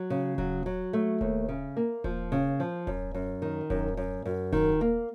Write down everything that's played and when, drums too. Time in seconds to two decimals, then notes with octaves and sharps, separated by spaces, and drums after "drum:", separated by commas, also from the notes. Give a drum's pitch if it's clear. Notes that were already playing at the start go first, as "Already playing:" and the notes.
Already playing: F#3
0.10 C#3
0.38 F#3, drum: kick D#1
0.66 F#3
0.93 A3
1.21 D#2, drum: kick D#1
1.49 C#3
1.77 A#3
2.04 F3, drum: kick D#1
2.32 C#3
2.60 F3
2.87 F#2, drum: kick D#1
3.14 F#2
3.42 D#3
3.70 F#2, drum: kick D#1
3.97 F#2
4.25 F#2
4.53 D#3, drum: kick D#1
4.81 A#3